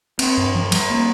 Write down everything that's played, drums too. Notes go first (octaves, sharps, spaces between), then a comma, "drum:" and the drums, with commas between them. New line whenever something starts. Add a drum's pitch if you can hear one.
C4, drum: cymbal
G2
F3
G3, drum: cymbal
A#3